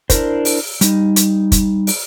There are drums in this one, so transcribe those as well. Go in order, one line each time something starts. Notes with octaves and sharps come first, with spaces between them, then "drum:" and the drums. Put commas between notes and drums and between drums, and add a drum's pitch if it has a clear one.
D4 E4 A#4 C5, drum: kick, hi-hat
drum: open hi-hat
G3 D#4, drum: hi-hat
drum: hi-hat
drum: kick, hi-hat
drum: open hi-hat